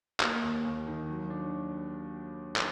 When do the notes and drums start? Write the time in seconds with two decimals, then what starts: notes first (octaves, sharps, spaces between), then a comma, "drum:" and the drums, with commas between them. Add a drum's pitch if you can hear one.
0.20 A#3, drum: clap
0.42 D#2
0.64 D#2
0.87 D#3
1.09 F#3
1.30 D4
2.56 drum: clap